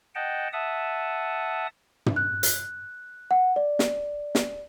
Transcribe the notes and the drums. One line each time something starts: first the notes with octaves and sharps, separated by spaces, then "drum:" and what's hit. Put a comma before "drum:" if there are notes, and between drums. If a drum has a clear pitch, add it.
D#5 F#5 G5 A5
E5 F#5 A5 D#6
drum: tom
F#6
drum: hi-hat
F#5
D5
drum: snare
drum: snare